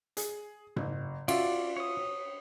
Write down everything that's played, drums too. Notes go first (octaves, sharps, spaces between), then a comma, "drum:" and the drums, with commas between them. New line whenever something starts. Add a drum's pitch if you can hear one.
G#4, drum: hi-hat
F#1, drum: tom G#2
C#4 F4 F#4 D5 E5, drum: cymbal
C#5 D#6